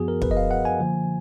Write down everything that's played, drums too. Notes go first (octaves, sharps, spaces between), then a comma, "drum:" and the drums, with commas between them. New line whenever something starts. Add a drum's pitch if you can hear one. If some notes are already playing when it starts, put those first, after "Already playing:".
Already playing: F#2 F3 B3 F#4 G#4
A#4
B4, drum: kick
D#5
F5
F#5
G#5
D3 F3 A#3